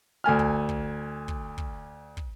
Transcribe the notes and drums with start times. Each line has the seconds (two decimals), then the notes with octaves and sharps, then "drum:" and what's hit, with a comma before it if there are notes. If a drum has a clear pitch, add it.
0.24 D2 A3 G#5 F6
0.39 drum: kick
0.69 drum: kick
1.28 drum: kick
1.58 drum: kick
2.17 drum: kick